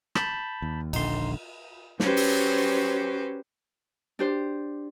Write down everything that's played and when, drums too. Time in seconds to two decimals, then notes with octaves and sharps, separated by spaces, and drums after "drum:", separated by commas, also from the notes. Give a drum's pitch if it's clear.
0.15 A5 B5 G6, drum: rim click
0.62 D#2
0.93 D#1 A#1 D3 D#4 C6, drum: cymbal
2.00 F#3 C#4 G4 B4 C5, drum: snare
2.17 drum: open hi-hat
4.19 D4 G4 C5